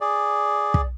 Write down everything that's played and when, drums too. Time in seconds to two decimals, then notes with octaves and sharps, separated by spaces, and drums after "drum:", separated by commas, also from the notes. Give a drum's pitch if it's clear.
0.01 G#4 D5
0.74 drum: kick